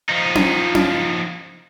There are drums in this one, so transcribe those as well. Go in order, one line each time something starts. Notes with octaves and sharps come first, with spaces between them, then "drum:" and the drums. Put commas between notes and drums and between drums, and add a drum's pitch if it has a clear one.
F3 D#4
drum: tom C#4
drum: tom C#4